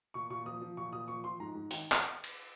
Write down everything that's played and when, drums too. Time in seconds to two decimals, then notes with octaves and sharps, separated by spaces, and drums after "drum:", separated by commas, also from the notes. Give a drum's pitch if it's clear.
0.14 A#2 C#6
0.30 A#2 C#6
0.46 F3 D#6
0.61 F3
0.77 A#2 C#6
0.93 A#2 D#6
1.08 F3 C#6
1.24 F3 C6
1.40 G#2 A#5
1.55 G#2
1.71 D#3 G5, drum: open hi-hat
1.92 drum: clap
2.24 drum: cymbal